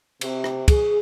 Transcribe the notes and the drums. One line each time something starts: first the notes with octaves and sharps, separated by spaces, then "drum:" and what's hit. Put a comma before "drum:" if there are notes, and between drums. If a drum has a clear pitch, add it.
C3, drum: cymbal
drum: rim click
G#4, drum: kick, cymbal